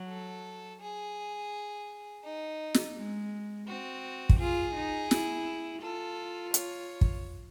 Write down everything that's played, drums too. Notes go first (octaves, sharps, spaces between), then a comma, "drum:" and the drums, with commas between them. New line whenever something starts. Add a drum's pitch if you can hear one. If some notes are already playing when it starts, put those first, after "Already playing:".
Already playing: F#3
A4
G#4
D#4
drum: snare
G#3
C4 F#4
drum: kick
F4 G#4
D#4
E4, drum: snare
F4 A4
C#5, drum: hi-hat
drum: kick